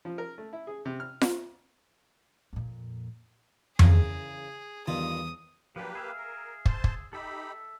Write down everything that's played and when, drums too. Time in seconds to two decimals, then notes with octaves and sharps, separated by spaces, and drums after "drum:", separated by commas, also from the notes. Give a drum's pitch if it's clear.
0.05 F3
0.18 A#4
0.38 A3
0.53 E4
0.67 G#4
0.85 C3
1.00 F6
1.21 F4, drum: snare F4
2.53 F2 A#2
3.79 E2 C#3 G#4 A#4, drum: tom F2
4.87 E2 G2 D#3 F4 D#6
5.76 F3 F#3 A#3 D4 G4 B4
5.95 G#4 E5 F5
6.16 A#4
6.66 C5 A5 C6, drum: kick
6.84 drum: kick
7.13 D#4 G4 A4 E5 B5